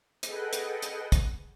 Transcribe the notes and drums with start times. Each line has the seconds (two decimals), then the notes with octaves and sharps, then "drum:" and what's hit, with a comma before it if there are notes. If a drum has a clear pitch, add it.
0.23 G#4 A4 B4 D#5 F#5 G5, drum: hi-hat
0.53 drum: hi-hat
0.82 drum: hi-hat
1.12 drum: kick, hi-hat